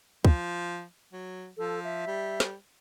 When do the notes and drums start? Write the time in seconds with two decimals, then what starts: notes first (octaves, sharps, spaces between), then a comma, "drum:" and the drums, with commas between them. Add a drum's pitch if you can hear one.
0.25 F3, drum: kick
1.13 F#3
1.57 F3 A4
1.84 E5
2.07 G3
2.40 drum: snare